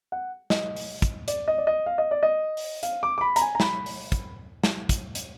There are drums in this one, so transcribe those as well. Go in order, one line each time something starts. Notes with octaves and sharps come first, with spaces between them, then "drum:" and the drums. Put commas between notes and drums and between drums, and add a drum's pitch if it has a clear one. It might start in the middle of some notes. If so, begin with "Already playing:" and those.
F#5
D#5, drum: snare
drum: open hi-hat
drum: kick, hi-hat
D5, drum: hi-hat
D#5
D5
D#5
F5
D#5
D5
D#5
drum: open hi-hat
F5, drum: hi-hat
D6
D6
B5
A#5, drum: hi-hat
G#5
A#5
B5, drum: snare
drum: open hi-hat
drum: kick, hi-hat
drum: snare
drum: kick, hi-hat
drum: hi-hat